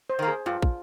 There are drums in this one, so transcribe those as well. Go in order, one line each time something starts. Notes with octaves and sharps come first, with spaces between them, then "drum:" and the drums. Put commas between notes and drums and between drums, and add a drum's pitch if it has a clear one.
C5
D#3 A#3
G#4
G2 F4
drum: kick